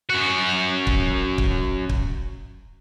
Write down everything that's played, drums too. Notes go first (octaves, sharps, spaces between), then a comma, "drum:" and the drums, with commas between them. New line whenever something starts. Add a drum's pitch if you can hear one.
F#2 F#4
drum: kick
drum: kick
drum: kick